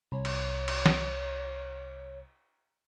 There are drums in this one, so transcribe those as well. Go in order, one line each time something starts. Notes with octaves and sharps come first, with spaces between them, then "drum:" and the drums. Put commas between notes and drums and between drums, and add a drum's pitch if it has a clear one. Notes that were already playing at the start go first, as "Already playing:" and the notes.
C2 C#5
drum: cymbal
drum: cymbal
drum: snare